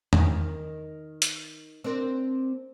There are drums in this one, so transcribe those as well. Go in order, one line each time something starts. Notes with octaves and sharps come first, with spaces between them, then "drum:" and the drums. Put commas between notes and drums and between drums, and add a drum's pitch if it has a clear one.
D#3, drum: tom E2
drum: hi-hat
C4 D4 A#4